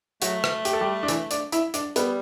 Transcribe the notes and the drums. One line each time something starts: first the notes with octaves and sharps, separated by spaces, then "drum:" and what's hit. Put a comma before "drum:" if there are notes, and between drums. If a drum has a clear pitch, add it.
F#3 A3 F#4, drum: hi-hat
drum: rim click
G4, drum: hi-hat
A4
G3 G4
D4
E3 E4, drum: hi-hat
D4 D5, drum: hi-hat
E4 E5, drum: hi-hat
D4 D5, drum: hi-hat
G3 B3 B4, drum: hi-hat